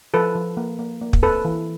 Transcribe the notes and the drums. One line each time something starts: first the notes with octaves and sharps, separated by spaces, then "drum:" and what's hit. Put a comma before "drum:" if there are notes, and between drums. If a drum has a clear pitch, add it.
F3 A4 B4
F3
A#3
A#3
A#3
drum: kick
C4 A4 B4
E3